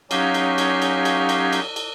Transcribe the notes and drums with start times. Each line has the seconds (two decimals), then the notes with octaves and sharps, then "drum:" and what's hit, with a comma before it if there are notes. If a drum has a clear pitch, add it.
0.11 F#3 C#4 D#4 G4 F5, drum: cymbal
0.34 drum: cymbal
0.58 drum: cymbal
0.82 drum: cymbal
1.05 drum: cymbal
1.29 drum: cymbal
1.53 drum: cymbal
1.76 drum: cymbal